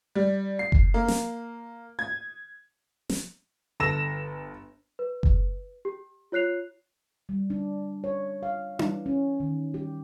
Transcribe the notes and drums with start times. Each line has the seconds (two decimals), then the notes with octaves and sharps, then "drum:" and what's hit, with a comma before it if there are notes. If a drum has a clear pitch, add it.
0.15 G3
0.59 C7
0.72 drum: kick F#1
0.94 A#3
1.08 drum: snare
1.99 G#6
3.10 drum: snare
3.80 G1 A4 E6 A#6 E7
4.99 B4
5.23 drum: kick F#1
5.85 G4
6.32 F4 C#5 F#6 C7 F7
7.29 G3
7.50 D4
8.04 C#5
8.43 F5
8.79 E3, drum: tom D4
9.06 C#4
9.40 D#3
9.74 G4